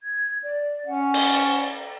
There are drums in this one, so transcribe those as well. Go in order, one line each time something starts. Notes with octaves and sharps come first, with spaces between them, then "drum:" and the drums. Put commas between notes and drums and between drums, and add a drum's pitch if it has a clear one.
G#6
D5
C#4 F#5
drum: cymbal